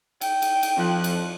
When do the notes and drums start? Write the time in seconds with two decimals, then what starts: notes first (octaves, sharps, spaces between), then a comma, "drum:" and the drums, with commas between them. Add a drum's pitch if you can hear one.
0.21 G5, drum: cymbal
0.42 drum: cymbal
0.63 drum: cymbal
0.76 F2 F3 F#6
1.04 drum: cymbal